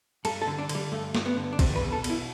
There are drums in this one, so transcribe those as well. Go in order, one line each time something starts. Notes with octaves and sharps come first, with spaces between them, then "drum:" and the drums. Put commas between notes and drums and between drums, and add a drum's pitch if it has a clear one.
G2 A4, drum: cymbal
A4
D3
D4
D3, drum: cymbal
G3
G2 A3
G2, drum: snare
B3
D3
D4
E2 C4, drum: kick, cymbal
B4
B2
A4
B2, drum: cymbal
E4